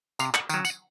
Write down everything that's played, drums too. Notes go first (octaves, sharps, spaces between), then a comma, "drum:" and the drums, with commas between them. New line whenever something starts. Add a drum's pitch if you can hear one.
C3 F5, drum: tambourine
F#5, drum: clap
D#3 F#3, drum: tambourine
F#5, drum: tambourine